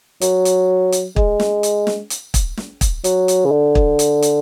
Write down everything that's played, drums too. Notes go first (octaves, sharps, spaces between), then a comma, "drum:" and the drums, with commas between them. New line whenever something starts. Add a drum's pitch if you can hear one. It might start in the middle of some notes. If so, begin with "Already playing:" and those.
F#3, drum: hi-hat
drum: hi-hat
drum: hi-hat
G#3, drum: kick
drum: snare
drum: hi-hat
drum: snare
drum: hi-hat
drum: kick, hi-hat
drum: snare
drum: kick, hi-hat
F#3, drum: hi-hat
drum: hi-hat
C#3
D3
drum: kick
drum: hi-hat
drum: hi-hat